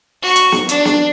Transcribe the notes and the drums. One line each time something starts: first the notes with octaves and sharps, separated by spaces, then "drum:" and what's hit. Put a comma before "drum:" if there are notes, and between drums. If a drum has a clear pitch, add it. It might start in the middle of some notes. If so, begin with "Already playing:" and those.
F#4 C#6
drum: hi-hat
drum: snare
D4, drum: hi-hat
drum: snare